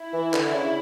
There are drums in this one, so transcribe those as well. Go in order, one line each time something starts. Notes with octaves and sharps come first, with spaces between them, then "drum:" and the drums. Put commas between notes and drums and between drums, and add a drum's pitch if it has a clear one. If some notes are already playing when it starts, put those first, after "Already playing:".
Already playing: E4
E3
D3, drum: clap
C#3